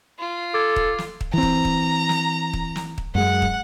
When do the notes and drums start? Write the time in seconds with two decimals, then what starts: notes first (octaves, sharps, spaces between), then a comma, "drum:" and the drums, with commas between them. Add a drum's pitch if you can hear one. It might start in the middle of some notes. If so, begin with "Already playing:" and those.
0.19 F4
0.54 A4 D6 G#6
0.76 drum: kick
0.98 drum: snare
1.21 drum: kick
1.34 E3 C4 A#5
1.43 drum: kick
1.65 drum: kick
2.09 drum: snare
2.53 drum: kick
2.76 drum: snare
2.98 drum: kick
3.15 F#2 G#3 F#5
3.42 drum: kick